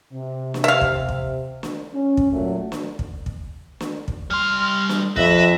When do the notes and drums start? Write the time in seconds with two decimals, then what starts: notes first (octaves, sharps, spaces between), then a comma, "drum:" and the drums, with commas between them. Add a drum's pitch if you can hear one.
0.13 C3
0.54 drum: snare
0.64 E5 F5
0.81 drum: kick
1.09 drum: kick
1.63 drum: snare
1.93 C#4
2.17 drum: kick
2.32 A#2 F#3 A3
2.72 drum: snare
2.99 drum: kick
3.26 drum: kick
3.81 drum: snare
4.08 drum: kick
4.30 G3 C6 F6
4.89 drum: snare
5.16 F2 B4 E5 A#6, drum: kick